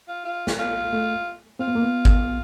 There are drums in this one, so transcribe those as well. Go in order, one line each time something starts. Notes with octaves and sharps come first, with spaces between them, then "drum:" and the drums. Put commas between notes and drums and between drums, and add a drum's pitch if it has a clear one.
F4
F4
drum: snare
F4
A3
C4 F4
B3
A#3
B3
drum: kick